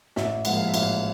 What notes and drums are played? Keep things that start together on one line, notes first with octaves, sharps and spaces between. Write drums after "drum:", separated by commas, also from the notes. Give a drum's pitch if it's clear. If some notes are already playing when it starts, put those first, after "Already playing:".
A1 E5, drum: snare
G#2 F3 A#3 F#5, drum: cymbal
F5
E5
A1, drum: cymbal
F5